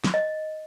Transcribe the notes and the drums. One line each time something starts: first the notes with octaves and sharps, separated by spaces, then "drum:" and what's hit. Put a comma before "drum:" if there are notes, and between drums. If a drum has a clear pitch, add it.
drum: snare
D#5